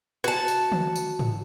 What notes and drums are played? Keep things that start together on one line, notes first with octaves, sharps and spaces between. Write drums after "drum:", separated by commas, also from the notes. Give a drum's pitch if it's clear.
F#4 A5, drum: rim click
drum: tambourine
drum: tom
drum: tambourine
drum: tom G#2